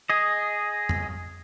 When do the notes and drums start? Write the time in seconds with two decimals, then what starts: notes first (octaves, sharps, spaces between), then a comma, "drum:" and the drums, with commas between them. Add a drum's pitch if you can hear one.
0.10 G#4 D#5
0.89 drum: tom F2